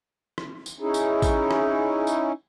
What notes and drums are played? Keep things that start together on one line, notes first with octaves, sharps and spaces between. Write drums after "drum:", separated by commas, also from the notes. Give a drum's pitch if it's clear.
drum: rim click
drum: tambourine
C#4 D#4 E4 G#4
drum: tambourine
drum: kick, tambourine
drum: rim click
drum: tambourine